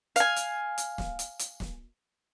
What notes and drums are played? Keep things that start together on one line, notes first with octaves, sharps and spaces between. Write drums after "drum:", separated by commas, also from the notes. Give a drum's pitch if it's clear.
F5 G#5, drum: hi-hat
drum: hi-hat
drum: hi-hat
drum: snare
drum: hi-hat
drum: hi-hat
drum: snare